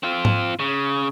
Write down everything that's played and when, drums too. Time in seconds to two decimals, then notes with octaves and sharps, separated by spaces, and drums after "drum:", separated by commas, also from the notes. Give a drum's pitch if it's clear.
0.03 C4 F4
0.25 drum: tom G#2
0.60 C#3